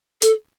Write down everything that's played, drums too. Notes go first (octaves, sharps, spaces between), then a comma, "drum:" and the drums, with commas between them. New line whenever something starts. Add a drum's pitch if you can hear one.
A4, drum: hi-hat